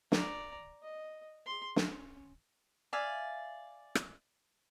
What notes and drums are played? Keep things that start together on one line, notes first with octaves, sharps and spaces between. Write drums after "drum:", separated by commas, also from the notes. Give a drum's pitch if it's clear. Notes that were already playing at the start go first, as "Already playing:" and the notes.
D5 A#5, drum: snare
D#5
G#4 C6
C#4, drum: snare
D5 E5 F5 G#5
drum: rim click